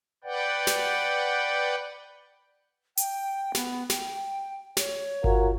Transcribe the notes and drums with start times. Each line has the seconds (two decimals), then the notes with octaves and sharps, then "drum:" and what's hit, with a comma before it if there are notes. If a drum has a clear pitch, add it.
0.24 B4 D5 F#5 G5
0.67 drum: snare
2.97 G5, drum: hi-hat
3.55 B3, drum: snare
3.90 G5, drum: snare
4.77 C#5, drum: snare
5.24 F4 F#4 A#4, drum: kick G1